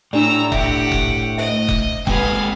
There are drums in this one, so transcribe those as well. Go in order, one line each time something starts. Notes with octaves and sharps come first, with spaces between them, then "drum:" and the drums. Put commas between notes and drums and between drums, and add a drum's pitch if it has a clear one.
A2 D4 G4 D5 A#5 E6
G4 E5 F#5, drum: kick F1
drum: kick F1
C5 D#5 E5
drum: kick F1
G#3 C4 G4 B4 F5 G5 G#5, drum: kick F1